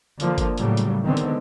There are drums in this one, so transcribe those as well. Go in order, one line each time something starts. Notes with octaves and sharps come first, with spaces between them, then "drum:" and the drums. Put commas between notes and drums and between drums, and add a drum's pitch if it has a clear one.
D3 F3 A#3, drum: hi-hat
drum: kick G1, hi-hat
A2 C#3 F#3 G3, drum: hi-hat
drum: hi-hat
D3 D#3 G#3 B3 C4
drum: hi-hat